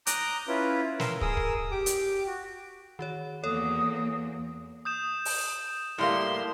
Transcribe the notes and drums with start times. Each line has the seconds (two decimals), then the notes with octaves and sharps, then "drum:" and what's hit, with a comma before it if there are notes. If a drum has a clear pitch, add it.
0.07 A#5 D6 D#6 F#6 G6, drum: hi-hat
0.48 C#4 E4 F4 B4
1.00 A#4 C6 E6, drum: snare
1.21 G#4 A#4 D#6 E6, drum: kick
1.37 drum: kick
1.71 G4 D6
1.86 drum: hi-hat
2.27 F#4
2.99 D#3 F#4 C#5
3.44 E2 A#3 A4 C#5 D#6
4.85 D#6 G6 E7
5.25 drum: open hi-hat
5.98 A2 G3 A#3 C6